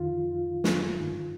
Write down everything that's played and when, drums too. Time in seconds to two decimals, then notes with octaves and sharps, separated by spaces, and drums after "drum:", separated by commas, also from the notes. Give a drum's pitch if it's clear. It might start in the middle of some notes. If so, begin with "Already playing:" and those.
Already playing: F2 D#3 F4
0.64 drum: snare
0.99 G2 D#3